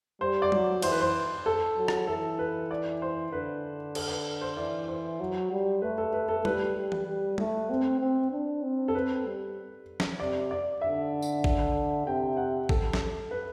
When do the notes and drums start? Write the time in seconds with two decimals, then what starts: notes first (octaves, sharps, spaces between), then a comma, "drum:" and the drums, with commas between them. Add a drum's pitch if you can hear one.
0.21 G3 C5
0.42 D5
0.52 F#3, drum: tom G3
0.82 E3 C5, drum: cymbal
0.92 B4
1.01 C5
1.46 A4
1.77 F#3
1.88 drum: rim click
2.07 E3 A4
2.39 B4
2.71 D5
3.02 C5
3.32 D3 B4
3.95 A4, drum: cymbal
4.11 B4
4.41 C5
4.57 E3 D5
4.88 C5
5.20 F#3
5.51 G3
5.82 A3 B4
5.98 A4
6.13 B4
6.29 A4
6.45 G3 B4, drum: tom G3
6.75 G3
6.92 drum: tom E3
7.07 G3
7.38 A3, drum: tom G3
7.70 C4
8.00 C4
8.31 D4
8.63 C4
8.88 A4
8.94 C4 B4
9.25 G3
10.00 drum: snare
10.19 C3 D5
10.51 D5
10.81 D3 E5
11.23 drum: tambourine
11.44 drum: kick
12.07 C3 G5
12.37 F#5
12.69 A4, drum: kick
12.93 drum: snare
13.31 B4